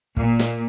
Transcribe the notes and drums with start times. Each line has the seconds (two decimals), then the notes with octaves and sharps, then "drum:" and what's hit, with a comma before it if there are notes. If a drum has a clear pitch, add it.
0.17 A#2, drum: kick
0.39 drum: snare